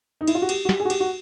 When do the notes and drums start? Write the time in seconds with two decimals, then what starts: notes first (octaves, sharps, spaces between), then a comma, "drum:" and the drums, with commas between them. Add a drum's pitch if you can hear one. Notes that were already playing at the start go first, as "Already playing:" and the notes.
0.21 D#4
0.28 E4, drum: cymbal
0.35 F4
0.42 F#4
0.49 G4, drum: cymbal
0.65 F#4
0.69 G4, drum: snare
0.80 G#4
0.85 F#4
0.90 G4, drum: cymbal
1.00 F#4